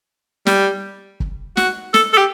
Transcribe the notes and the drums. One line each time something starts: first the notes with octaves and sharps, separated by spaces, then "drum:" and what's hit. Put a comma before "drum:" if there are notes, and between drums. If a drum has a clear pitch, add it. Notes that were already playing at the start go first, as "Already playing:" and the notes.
G3, drum: snare
drum: kick
F#4, drum: snare
A4, drum: snare
A4
G4